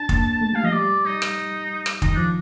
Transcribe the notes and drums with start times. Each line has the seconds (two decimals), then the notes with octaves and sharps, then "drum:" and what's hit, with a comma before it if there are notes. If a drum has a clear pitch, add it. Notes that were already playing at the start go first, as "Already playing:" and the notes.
Already playing: D4 A5
0.09 A#3, drum: kick
0.41 A3
0.53 G3 F5
0.63 F3 D#5
0.73 G3 D5
1.06 D#4
1.22 drum: rim click
1.86 drum: rim click
2.02 D#3 D#4, drum: kick
2.15 F3 D4